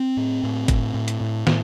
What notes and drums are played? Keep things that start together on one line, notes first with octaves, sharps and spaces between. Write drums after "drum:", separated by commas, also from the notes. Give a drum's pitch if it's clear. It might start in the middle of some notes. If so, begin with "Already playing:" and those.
Already playing: C4
A2
A2
A2, drum: kick G1, hi-hat
A2
drum: hi-hat
A2
A2, drum: snare